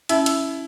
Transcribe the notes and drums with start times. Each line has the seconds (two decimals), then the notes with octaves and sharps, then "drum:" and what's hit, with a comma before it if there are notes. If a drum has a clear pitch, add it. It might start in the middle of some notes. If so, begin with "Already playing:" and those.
0.09 C#4 E4, drum: hi-hat
0.26 drum: hi-hat